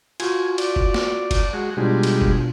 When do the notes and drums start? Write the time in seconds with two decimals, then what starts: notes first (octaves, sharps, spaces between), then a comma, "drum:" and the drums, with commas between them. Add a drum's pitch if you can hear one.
0.20 F4 F#4 G#5, drum: cymbal
0.58 D5, drum: cymbal
0.76 drum: kick F#1
0.94 drum: snare
1.31 drum: kick F#1, cymbal
1.53 G#3 F#4
1.77 B2 G3 G#3 D4 F4
2.03 drum: cymbal
2.22 drum: kick F#1